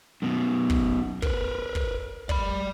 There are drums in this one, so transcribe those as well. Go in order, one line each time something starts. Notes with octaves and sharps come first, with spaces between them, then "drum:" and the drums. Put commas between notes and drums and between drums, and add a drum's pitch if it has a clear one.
F#2 B2
drum: kick
A#4 B4, drum: kick
drum: kick
D5 B5, drum: kick